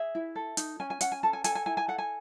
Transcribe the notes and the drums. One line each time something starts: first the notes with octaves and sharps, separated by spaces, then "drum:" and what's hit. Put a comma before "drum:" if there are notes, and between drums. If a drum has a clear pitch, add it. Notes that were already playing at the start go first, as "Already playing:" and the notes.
Already playing: G#4 E5
E4
A4
D#4, drum: hi-hat
C#4 G#5
G#5
C#4 F#5, drum: hi-hat
G#5
A4 A5
G#5
A4 G#5, drum: hi-hat
G#5
E4 G#5
G#5
A4 F#5
G#5